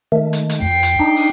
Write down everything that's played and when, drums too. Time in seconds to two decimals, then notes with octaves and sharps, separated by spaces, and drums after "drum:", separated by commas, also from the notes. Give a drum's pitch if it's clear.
0.12 D#3 A3
0.33 drum: hi-hat
0.49 drum: hi-hat
0.62 F2 G5 C7
0.83 drum: hi-hat
0.99 D4 D#4
1.16 drum: open hi-hat